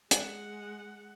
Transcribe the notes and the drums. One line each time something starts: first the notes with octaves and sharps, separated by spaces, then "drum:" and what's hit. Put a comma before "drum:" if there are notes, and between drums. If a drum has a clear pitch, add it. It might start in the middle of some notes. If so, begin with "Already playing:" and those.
G#3 F#5, drum: hi-hat